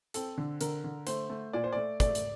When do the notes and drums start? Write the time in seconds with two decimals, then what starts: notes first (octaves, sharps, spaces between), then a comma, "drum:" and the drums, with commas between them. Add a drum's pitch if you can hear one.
0.14 C4 A4, drum: hi-hat
0.38 D3
0.61 D3 A#4, drum: hi-hat
0.84 D3
1.07 A3 C5, drum: hi-hat
1.30 A3
1.53 A#2 D5
1.64 C5
1.73 A3 D5
2.00 A3 D5, drum: kick, hi-hat
2.15 drum: hi-hat